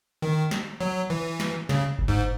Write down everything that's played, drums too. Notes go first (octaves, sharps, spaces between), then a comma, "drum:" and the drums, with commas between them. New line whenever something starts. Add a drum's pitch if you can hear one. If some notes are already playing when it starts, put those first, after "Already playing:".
D#3
drum: snare
F#3
E3
drum: snare
C#3, drum: snare
drum: kick G1
G#2